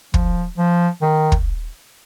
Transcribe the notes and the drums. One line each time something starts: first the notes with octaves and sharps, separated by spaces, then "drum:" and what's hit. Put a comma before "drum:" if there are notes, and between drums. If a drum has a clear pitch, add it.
F3, drum: kick
F3
D#3
drum: kick